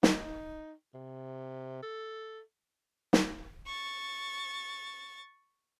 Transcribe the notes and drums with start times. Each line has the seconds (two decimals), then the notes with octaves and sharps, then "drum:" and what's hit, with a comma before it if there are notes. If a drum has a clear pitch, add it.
0.03 D#4, drum: snare
0.94 C3
1.83 A4
3.13 drum: snare
3.66 C#6 A6